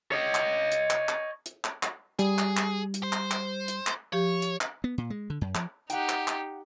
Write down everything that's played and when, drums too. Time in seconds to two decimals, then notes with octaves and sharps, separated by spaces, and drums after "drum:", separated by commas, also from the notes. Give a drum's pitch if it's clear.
0.12 C#5 D#5
0.35 drum: clap
0.72 drum: hi-hat
0.90 drum: clap
1.09 drum: clap
1.46 drum: hi-hat
1.64 drum: clap
1.83 drum: clap
2.19 G3 G#4, drum: hi-hat
2.38 drum: clap
2.57 drum: clap
2.94 drum: hi-hat
3.03 C5
3.13 drum: clap
3.31 drum: clap
3.68 drum: hi-hat
3.87 drum: clap
4.13 F3 G4 C#5
4.42 drum: hi-hat
4.61 drum: clap
4.84 B3
4.98 A#2
5.10 G#3
5.30 D3
5.41 F#2
5.55 F3, drum: clap
5.90 D#4 G4 F#5 G5, drum: hi-hat
6.09 drum: clap
6.28 drum: clap